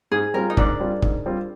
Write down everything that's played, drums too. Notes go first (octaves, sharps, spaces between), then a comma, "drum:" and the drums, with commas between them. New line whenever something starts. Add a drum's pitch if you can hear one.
G#2 G#4
G3 C4 F4 A#4
D#4
G#2 D4, drum: kick
G3 C4 F4
G#2, drum: kick
G3 C4 F4